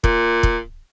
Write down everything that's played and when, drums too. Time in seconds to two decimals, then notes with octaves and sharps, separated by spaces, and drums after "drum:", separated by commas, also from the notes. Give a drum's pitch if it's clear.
0.04 A#2, drum: kick
0.43 drum: kick